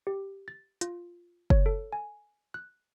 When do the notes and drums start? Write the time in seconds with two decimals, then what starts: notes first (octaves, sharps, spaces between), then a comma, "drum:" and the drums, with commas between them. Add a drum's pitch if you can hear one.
0.07 G4
0.48 A6
0.81 F4, drum: hi-hat
1.50 C#5, drum: kick F#1
1.66 A4
1.93 G#5
2.54 F#6